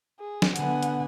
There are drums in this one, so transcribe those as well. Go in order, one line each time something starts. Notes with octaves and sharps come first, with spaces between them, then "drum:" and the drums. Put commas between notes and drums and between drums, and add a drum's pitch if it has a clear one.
G#4
drum: snare
D3 B3 F#5 G#5, drum: hi-hat
drum: hi-hat